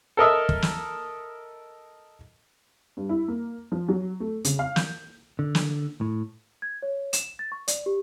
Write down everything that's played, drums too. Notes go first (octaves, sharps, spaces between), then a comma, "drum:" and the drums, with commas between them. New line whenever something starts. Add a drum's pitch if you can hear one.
A4 A#4 D#5 E5
drum: kick
drum: snare
G2
E4
A#3
F3
F#3
A3
C#3, drum: hi-hat
F5
G6, drum: snare
D3
drum: snare
A2
G#6
C#5
E7, drum: hi-hat
A6
C#6
D5, drum: hi-hat
G4